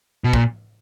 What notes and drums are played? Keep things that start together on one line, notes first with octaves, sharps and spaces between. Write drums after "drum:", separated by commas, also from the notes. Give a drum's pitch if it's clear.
B2
A#2, drum: kick